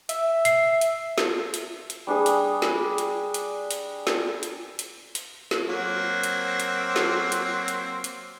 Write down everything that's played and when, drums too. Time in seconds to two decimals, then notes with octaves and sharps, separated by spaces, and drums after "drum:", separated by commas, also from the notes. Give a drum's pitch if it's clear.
0.09 E5, drum: hi-hat
0.45 C7, drum: hi-hat
0.81 drum: hi-hat
1.18 drum: snare
1.54 drum: hi-hat
1.90 drum: hi-hat
2.07 G3 D4 G#4 D#6
2.26 drum: hi-hat
2.62 drum: snare
2.98 drum: hi-hat
3.34 drum: hi-hat
3.71 drum: hi-hat
4.07 drum: snare
4.43 drum: hi-hat
4.79 drum: hi-hat
5.15 drum: hi-hat
5.51 drum: snare
5.68 F#3 A#3 C4
6.23 drum: hi-hat
6.60 drum: hi-hat
6.96 drum: snare
7.32 drum: hi-hat
7.68 drum: hi-hat
8.04 drum: hi-hat